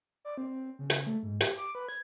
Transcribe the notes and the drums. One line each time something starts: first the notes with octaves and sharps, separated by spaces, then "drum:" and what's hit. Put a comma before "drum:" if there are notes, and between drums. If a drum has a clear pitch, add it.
D5
C4
C#3
drum: hi-hat
A3
G#2
G4, drum: hi-hat
D6
B4
G#6